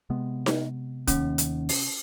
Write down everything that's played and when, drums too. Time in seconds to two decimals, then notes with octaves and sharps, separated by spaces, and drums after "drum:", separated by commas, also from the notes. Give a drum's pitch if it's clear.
0.10 C3 G#3 B3
0.46 drum: snare D#4
1.07 D#2 C#4, drum: kick, hi-hat
1.38 drum: hi-hat
1.69 drum: open hi-hat